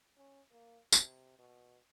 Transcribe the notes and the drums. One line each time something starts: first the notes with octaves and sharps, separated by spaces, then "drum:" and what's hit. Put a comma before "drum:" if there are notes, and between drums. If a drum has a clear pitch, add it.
C#4
A#3
C3, drum: tambourine
B2